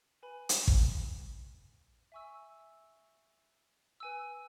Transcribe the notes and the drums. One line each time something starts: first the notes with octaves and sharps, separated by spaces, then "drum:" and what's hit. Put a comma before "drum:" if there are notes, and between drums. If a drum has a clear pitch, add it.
B4 G#5 B5
drum: hi-hat
drum: kick A1
E5 G#5 C#6 E6
B4 G#5 E6